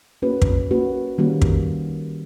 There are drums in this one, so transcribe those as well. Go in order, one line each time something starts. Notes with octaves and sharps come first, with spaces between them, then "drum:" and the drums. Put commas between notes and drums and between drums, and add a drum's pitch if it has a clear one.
A#3 C#4 F#4 B4
drum: kick
A#3 C#4 F#4 B4
D#3 G3 A#3 C#4 F#4
drum: kick